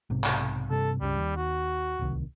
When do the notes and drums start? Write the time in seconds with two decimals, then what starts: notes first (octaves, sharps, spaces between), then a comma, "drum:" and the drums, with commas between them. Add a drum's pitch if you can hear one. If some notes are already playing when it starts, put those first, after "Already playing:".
0.10 B1 G#2 C3
0.24 drum: clap
0.71 G2 C3 A4
1.01 C#2 G2 C#3 G3
1.18 D#2
1.37 F#4
1.99 D1 C2 D#3